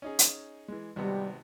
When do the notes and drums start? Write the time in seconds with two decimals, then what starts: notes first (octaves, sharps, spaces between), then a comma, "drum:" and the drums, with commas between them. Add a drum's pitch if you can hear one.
0.02 C#4 D#4 G#4
0.19 drum: hi-hat
0.68 E3 G#3
0.96 G#1 C3 G3 B3